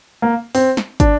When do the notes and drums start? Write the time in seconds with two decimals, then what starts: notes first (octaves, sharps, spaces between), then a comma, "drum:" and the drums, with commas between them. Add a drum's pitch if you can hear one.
0.22 A#3
0.55 C4, drum: open hi-hat
0.77 drum: snare
1.00 D4, drum: kick, hi-hat